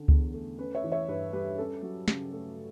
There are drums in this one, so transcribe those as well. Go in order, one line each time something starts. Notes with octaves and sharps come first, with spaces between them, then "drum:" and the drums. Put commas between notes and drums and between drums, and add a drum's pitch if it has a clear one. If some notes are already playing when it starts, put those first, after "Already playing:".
Already playing: D3 C#4
E2, drum: kick C#2
A3
C#4 B4
C#5 E5
E3
C#5 E5
G2 B4
G3 B4
C#4 A4
F#3
C#3, drum: snare
A3